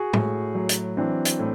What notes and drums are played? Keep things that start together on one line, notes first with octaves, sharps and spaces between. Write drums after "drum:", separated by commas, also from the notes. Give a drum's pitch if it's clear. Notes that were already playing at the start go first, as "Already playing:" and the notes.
Already playing: F#4 G#4
A2, drum: tom
F#3
drum: hi-hat
E3 C4 D4
drum: hi-hat
A2